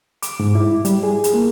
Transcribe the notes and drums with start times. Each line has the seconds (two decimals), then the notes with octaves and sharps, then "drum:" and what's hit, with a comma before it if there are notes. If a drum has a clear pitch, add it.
0.22 D6, drum: hi-hat
0.40 G#2
0.55 E4
0.85 G3, drum: hi-hat
1.03 G#4
1.24 drum: hi-hat
1.34 A#3